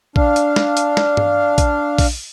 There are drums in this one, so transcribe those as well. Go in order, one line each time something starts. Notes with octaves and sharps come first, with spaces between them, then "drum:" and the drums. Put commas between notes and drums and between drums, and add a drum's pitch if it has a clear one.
D4 F5, drum: kick A#1
drum: hi-hat
drum: snare
drum: hi-hat
drum: snare
drum: tom G2
drum: kick A#1, hi-hat
drum: kick A#1, open hi-hat